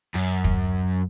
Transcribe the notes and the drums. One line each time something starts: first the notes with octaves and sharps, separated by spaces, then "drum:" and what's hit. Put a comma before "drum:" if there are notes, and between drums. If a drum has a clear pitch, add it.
F#2
drum: kick